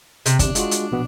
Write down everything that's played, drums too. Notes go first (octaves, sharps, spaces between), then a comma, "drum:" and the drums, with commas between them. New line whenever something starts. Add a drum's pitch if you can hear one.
C3, drum: hi-hat
G1 E2 C3 D4, drum: kick, hi-hat
G#3 F4 F#4, drum: hi-hat
drum: hi-hat
A#1 B2 B3